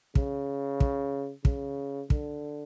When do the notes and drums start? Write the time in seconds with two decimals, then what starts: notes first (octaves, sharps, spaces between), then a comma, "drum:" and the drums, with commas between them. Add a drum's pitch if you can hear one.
0.15 C#3, drum: kick
0.80 drum: kick
1.45 C#3, drum: kick
2.10 D3, drum: kick